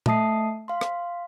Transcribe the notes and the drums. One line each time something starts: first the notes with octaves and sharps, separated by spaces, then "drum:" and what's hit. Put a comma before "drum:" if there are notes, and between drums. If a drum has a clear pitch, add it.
A3 E5 A5 D#6 C7, drum: tom
F5 C6
drum: rim click